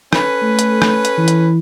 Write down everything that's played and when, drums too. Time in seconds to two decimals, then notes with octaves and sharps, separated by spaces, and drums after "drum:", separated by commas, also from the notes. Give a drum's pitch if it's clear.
0.13 C#4 A4 B4, drum: rim click
0.43 A3
0.59 drum: hi-hat
0.82 drum: rim click
1.05 drum: hi-hat
1.18 E3
1.28 drum: hi-hat